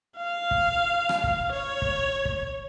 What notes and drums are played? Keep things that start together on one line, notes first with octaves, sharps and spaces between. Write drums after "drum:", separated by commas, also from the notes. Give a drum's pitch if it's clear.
F5
drum: kick
drum: rim click
drum: kick
C#5
drum: kick
drum: kick